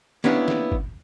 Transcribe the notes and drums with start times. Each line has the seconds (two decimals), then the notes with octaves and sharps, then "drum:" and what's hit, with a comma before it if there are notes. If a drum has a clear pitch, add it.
0.24 A#3 B3 C#4 D4 E4 G4, drum: snare
0.48 drum: snare
0.72 drum: kick